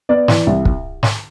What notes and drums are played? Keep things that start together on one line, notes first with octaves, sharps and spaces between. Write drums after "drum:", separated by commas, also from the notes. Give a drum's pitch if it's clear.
B3 D5
E3, drum: snare
C2
drum: kick
drum: snare